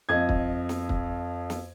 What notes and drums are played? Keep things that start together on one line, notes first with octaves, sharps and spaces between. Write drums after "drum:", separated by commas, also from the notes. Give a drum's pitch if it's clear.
F2 D#5 G#6
drum: kick
drum: snare
drum: kick
drum: snare